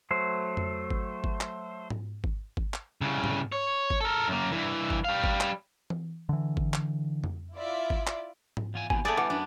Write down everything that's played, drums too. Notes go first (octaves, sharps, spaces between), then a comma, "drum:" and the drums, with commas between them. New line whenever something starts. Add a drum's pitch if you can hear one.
F#3 A3 C5
drum: tom F2
drum: kick G#1
drum: kick G#1
drum: clap
drum: tom G#2
drum: kick G#1
drum: kick G#1
drum: clap
C2 C#3
drum: tom G#2
C#5
drum: kick G#1
A4 A#4
F#2 A#3
G2 E3
drum: kick G#1
G3 F5
drum: kick G#1
drum: clap
drum: tom E3
D3 E3
drum: kick G#1
drum: clap
drum: tom F2
E4 F4 D5 E5
drum: kick G#1
drum: clap
drum: tom G#2
E2 F4 G#5
D#2 B2 G#5, drum: kick G#1
G3 A3 B3 C#4 G#4 D5
E3 F#5 D6
F#2 B3 D4